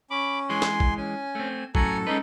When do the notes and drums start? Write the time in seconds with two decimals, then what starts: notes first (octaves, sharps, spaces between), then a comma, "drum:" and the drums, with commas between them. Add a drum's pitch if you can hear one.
0.11 C#4 B5 D6
0.49 E3 G#3 G#5 C6
0.62 drum: snare
0.80 drum: kick
0.97 C#4 G#5
1.35 A3 C4
1.75 F#2 A2 F#3 A4 G#5 A#5, drum: kick
2.07 G#3 C#4 D#4 B4